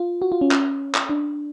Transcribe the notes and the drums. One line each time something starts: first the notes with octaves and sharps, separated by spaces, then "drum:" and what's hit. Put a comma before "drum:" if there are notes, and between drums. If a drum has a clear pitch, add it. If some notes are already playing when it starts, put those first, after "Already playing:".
Already playing: F4
F#4
F4
C#4
drum: clap
drum: clap
D4